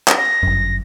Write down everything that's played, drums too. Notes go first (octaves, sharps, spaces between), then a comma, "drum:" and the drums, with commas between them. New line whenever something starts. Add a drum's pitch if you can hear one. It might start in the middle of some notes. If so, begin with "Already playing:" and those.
drum: clap
A#6
G1 F#2